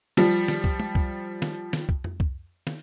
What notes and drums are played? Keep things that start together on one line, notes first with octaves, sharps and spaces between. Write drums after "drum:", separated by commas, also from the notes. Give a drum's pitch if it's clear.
F3 G3, drum: snare
drum: snare
drum: kick C2
drum: tom G#3
drum: kick C2
drum: snare
drum: snare
drum: kick C2
drum: tom F2
drum: kick C2
drum: snare